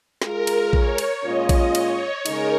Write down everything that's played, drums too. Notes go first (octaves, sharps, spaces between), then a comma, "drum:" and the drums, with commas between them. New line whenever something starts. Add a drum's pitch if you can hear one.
G#3 F4 G#4 A#4, drum: snare
drum: cymbal
C#5, drum: kick A#1
drum: cymbal
A#2 G#3 C#4 F4 D#5
drum: kick A#1, cymbal
C#5, drum: cymbal
C#3 G#3 D#4 G#4 A#4, drum: cymbal